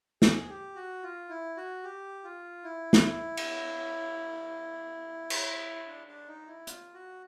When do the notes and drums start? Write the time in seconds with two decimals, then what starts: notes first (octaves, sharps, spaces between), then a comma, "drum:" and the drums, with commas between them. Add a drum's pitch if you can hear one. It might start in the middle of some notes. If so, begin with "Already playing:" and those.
0.22 G#4, drum: snare
0.49 G4
0.75 F#4
1.03 F4
1.29 E4
1.57 F#4
1.84 G4
2.24 F4
2.64 E4
2.93 drum: snare
3.37 drum: cymbal
5.30 drum: cymbal
5.87 D4
6.07 D4
6.28 D#4
6.47 E4
6.67 F4, drum: hi-hat
6.94 F#4